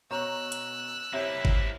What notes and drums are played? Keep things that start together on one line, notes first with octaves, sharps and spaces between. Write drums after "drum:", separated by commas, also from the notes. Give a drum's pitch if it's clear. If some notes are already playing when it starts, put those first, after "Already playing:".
B2 C#5 A#5 C#6 E6 F#6
drum: hi-hat
C3 A#3 E4 C#5 E5
drum: kick G1